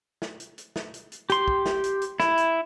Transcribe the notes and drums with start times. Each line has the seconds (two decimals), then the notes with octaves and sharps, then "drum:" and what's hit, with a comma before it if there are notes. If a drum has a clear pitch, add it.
0.22 drum: snare
0.40 drum: hi-hat
0.58 drum: hi-hat
0.76 drum: snare
0.94 drum: hi-hat
1.12 drum: hi-hat
1.30 G4 C6, drum: hi-hat
1.48 drum: kick
1.66 drum: snare
1.84 drum: hi-hat
2.02 drum: hi-hat
2.20 E4, drum: snare
2.37 drum: hi-hat